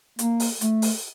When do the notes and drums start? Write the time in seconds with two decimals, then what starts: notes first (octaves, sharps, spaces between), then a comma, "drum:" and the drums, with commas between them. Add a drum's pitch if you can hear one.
0.19 A#3, drum: hi-hat
0.40 drum: open hi-hat
0.61 A3, drum: hi-hat
0.82 drum: open hi-hat